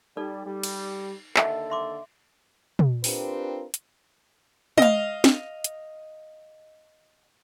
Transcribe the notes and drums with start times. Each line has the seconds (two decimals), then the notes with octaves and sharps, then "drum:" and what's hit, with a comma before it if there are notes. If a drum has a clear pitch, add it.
0.17 G3 D#4 A4 D5
0.47 G3
0.63 drum: cymbal
1.36 D#2 D3 A4 D#5 E5 F#5, drum: clap
1.70 E5 C6 D6
2.79 drum: tom
3.04 C4 D4 F4 G4 A#4 B4, drum: open hi-hat
3.74 drum: hi-hat
4.78 D#5 F5, drum: tom
5.24 drum: snare
5.64 drum: hi-hat